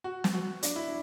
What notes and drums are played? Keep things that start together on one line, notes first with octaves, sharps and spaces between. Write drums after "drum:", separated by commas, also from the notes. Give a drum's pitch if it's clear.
F#4
drum: snare
F#4
D4, drum: hi-hat
E4
D4